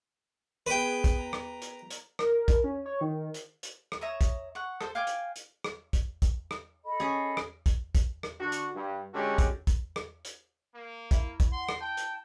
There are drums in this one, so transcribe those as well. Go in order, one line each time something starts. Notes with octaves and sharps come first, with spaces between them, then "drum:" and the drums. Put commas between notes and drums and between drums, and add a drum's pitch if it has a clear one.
B3 G#4 B4 G5
drum: kick, hi-hat
A#5
drum: rim click
drum: hi-hat
drum: hi-hat
A#4, drum: rim click
drum: kick, hi-hat
C#4
C#5
D#3
drum: hi-hat
drum: hi-hat
drum: rim click
C#5 E5 A#5 D#6
drum: kick, hi-hat
F#5 C#6
A4 C5, drum: rim click
F5 G5 G#5 D6
drum: hi-hat
drum: hi-hat
drum: rim click
drum: kick, hi-hat
drum: kick, hi-hat
drum: rim click
A4 D#5 B5
C#4 G#4
drum: rim click
drum: kick, hi-hat
drum: kick, hi-hat
drum: rim click
D3 F#4
drum: hi-hat
G2
D3 G#3 C#4 F#4 G4 A4
drum: kick, hi-hat
drum: kick, hi-hat
drum: rim click
drum: hi-hat
A#3
E4, drum: kick, hi-hat
drum: kick, hi-hat
F#5 C6
drum: rim click
G5 A5
drum: hi-hat